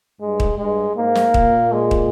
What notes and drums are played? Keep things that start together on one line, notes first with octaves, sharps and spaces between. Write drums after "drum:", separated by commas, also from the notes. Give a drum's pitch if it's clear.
G2 G#3
drum: kick
G2 G#3
G#2 A#3
drum: snare
A#2, drum: kick
G#3
drum: kick